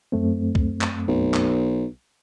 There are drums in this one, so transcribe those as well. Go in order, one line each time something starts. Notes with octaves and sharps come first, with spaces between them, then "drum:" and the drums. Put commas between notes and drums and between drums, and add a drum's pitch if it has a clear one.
F#2 A3 C4
drum: kick C#2
drum: clap
B1
drum: clap